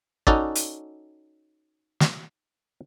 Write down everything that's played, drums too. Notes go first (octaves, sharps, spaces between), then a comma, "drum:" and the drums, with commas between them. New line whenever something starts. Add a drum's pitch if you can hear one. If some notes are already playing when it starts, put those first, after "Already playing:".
C#4 D#4 F#4 A4 D5, drum: kick
drum: hi-hat
drum: snare